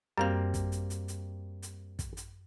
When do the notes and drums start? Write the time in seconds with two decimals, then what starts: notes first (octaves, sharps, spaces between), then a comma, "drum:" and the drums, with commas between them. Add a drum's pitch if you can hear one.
0.18 F#2 G3 A#3 C4 F5
0.54 drum: kick, hi-hat
0.72 drum: hi-hat
0.90 drum: hi-hat
1.08 drum: hi-hat
1.62 drum: hi-hat
1.99 drum: kick, hi-hat
2.17 drum: hi-hat